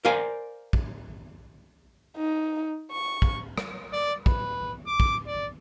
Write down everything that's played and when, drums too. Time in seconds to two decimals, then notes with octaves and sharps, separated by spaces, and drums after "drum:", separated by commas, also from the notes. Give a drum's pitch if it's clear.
0.05 A#4 C5 D5 F5 G#5
0.73 drum: kick
2.17 D#4
2.92 C#6
3.22 drum: kick
3.58 drum: rim click
3.93 D5
4.26 B4, drum: kick
4.87 D6
5.00 drum: kick
5.27 D5